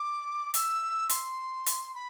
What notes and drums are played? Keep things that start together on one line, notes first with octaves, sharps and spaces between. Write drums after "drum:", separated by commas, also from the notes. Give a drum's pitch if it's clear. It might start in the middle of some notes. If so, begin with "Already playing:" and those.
Already playing: D6
E6, drum: hi-hat
C6, drum: hi-hat
drum: hi-hat
B5